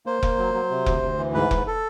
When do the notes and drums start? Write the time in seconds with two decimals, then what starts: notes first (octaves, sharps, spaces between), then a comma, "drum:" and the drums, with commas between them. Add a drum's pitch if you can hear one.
0.06 A#3 C5
0.23 A#3, drum: kick F1
0.38 F#3
0.54 F#3
0.71 C3
0.86 D2, drum: kick F1
1.02 D2
1.18 E3
1.34 G#2 B4
1.51 G#2, drum: kick F1
1.67 A4